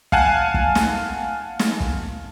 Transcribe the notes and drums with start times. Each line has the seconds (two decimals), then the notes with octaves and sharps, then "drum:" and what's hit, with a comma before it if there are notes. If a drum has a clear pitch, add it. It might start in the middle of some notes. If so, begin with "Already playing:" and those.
0.12 F5 F#5 G#5 A5 F#6, drum: kick
0.54 drum: kick
0.75 drum: snare
1.59 drum: snare
1.80 drum: kick